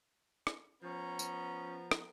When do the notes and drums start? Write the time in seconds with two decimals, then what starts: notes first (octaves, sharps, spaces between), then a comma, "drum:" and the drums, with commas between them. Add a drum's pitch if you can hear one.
0.47 drum: rim click
0.83 F3 B3 C#4 A#5
1.19 drum: tambourine
1.91 drum: rim click